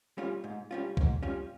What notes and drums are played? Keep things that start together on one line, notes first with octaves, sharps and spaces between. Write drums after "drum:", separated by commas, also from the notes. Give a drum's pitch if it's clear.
G3 C#4 F4
G#2
G3 C#4 F4
G#2, drum: kick B1
G3 C#4 F4